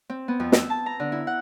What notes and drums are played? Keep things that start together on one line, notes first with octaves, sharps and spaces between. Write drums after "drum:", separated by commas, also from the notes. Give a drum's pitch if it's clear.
C4
B3
F2
E6, drum: snare
A5
A#5
D3
E4
F#5